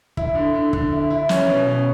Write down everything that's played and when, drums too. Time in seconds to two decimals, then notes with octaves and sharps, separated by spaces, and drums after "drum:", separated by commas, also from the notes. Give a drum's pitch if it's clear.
0.17 E4, drum: kick
0.35 D3
0.54 D3
0.73 D3, drum: kick
0.91 E4
1.10 E4
1.29 C#4, drum: snare
1.49 B2
1.67 C#4